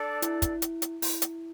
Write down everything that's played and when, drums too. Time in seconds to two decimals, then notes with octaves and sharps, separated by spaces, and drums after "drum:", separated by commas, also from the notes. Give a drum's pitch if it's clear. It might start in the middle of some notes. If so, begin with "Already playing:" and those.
Already playing: D4 A4 D5
0.22 E4, drum: hi-hat
0.42 drum: kick, hi-hat
0.62 drum: hi-hat
0.82 drum: hi-hat
1.02 E4, drum: open hi-hat
1.22 drum: hi-hat